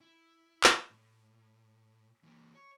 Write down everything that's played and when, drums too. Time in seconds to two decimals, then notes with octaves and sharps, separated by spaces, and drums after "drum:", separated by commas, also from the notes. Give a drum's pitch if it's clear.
0.01 E4
0.64 drum: clap
0.90 A2
2.24 E3 A#3
2.55 C#5